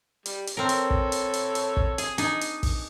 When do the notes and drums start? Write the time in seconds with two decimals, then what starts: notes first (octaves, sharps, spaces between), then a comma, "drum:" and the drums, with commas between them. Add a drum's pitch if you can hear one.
0.26 G3, drum: hi-hat
0.47 drum: hi-hat
0.57 C4 A4 A#4 C#5
0.69 drum: hi-hat
0.90 drum: kick
1.12 drum: hi-hat
1.33 drum: hi-hat
1.55 drum: hi-hat
1.77 drum: kick
1.98 G#4, drum: hi-hat
2.18 D4 D#4 G#4, drum: hi-hat
2.41 drum: hi-hat
2.63 drum: kick, open hi-hat